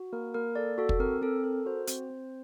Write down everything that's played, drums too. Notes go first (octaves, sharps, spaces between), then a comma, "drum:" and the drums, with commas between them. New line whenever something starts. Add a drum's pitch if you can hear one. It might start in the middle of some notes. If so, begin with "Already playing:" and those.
Already playing: F#4
A#3 A#4
A#3 A#4
A4 D5
F#4 A4
drum: kick
C4 A#4
C4 A4
A4 A#4
F#4 C5
C4, drum: hi-hat
C4